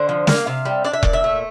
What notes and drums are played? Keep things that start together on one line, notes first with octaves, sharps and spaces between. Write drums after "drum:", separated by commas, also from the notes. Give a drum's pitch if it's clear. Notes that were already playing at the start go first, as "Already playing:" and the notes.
Already playing: D3 C5
F3
A#3 F5, drum: snare
C3
G3
D4 D5
E5
A#2 D5, drum: kick E1
E5
A3